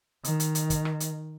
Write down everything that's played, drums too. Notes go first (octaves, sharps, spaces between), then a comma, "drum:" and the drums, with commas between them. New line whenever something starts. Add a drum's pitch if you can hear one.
D#3, drum: hi-hat
drum: hi-hat
drum: hi-hat
drum: kick, hi-hat
drum: rim click
drum: hi-hat